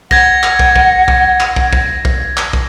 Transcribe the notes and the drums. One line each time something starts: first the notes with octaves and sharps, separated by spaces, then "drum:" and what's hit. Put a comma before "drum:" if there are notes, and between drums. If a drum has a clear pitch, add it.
F#5 G#6 A#6, drum: kick
drum: clap
drum: kick
drum: kick
drum: kick
drum: clap
drum: kick
drum: kick
drum: kick
drum: clap
drum: kick